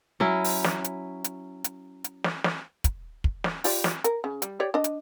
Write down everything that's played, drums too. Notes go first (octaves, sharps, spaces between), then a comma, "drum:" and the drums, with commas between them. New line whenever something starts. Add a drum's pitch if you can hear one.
F#3 C#4 E4
drum: open hi-hat
drum: snare
drum: hi-hat
drum: hi-hat
drum: hi-hat
drum: hi-hat
drum: snare
drum: snare
drum: kick, hi-hat
drum: kick
drum: snare
F4 G4 D5, drum: open hi-hat
drum: snare
A#4, drum: hi-hat
C#3
G3, drum: hi-hat
G4 C#5 D5
D4 D#5
drum: hi-hat